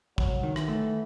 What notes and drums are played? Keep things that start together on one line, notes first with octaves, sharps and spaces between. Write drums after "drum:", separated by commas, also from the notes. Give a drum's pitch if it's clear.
C2 F#3, drum: kick
D#3
E3, drum: rim click
A3